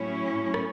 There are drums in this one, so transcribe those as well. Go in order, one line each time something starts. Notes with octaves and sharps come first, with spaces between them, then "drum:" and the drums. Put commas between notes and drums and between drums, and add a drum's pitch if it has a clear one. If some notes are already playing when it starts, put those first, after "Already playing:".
Already playing: A2 F#3 C#4 E4
drum: rim click